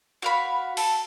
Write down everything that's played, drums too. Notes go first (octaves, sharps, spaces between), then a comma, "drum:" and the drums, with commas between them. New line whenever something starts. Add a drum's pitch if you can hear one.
F#4 F5 B5
A4, drum: open hi-hat